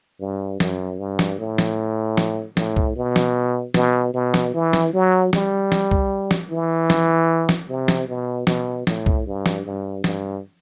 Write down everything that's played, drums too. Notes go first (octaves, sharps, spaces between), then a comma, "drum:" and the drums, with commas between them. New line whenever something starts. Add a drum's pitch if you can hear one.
G2
F#2, drum: snare
G2
drum: snare
A2
drum: snare
drum: snare
A2, drum: snare
drum: kick
B2
drum: snare
B2, drum: snare
B2
drum: snare
E3
drum: snare
F#3
G3, drum: snare
drum: snare
drum: kick
drum: snare
E3
drum: snare
drum: snare
C3
drum: snare
B2
B2, drum: snare
A2, drum: snare
drum: kick
G2
drum: snare
G2
G2, drum: snare